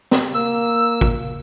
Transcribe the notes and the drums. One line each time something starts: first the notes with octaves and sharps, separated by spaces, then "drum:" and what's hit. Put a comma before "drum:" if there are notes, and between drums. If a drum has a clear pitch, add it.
drum: snare
A#3 E6
drum: kick A1